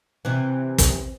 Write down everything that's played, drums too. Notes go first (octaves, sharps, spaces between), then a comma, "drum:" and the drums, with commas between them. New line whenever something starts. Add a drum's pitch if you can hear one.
C3 E3
drum: kick, hi-hat